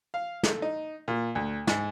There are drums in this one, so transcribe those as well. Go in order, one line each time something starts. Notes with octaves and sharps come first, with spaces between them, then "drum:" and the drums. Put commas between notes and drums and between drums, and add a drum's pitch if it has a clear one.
F5
A3, drum: snare
D#4
A#2
D2
G#2, drum: snare